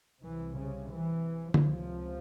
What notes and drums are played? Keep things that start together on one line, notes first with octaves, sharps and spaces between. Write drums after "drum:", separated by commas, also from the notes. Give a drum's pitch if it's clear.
C2 C3 E3
C#3
E3
C#2 C3 F3, drum: tom D3